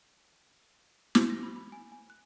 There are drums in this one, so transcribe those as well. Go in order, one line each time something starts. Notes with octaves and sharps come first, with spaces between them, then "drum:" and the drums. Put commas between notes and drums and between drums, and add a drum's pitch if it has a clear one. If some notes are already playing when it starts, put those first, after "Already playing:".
drum: snare
A#6
B5
B5
G#5
G#5
F#6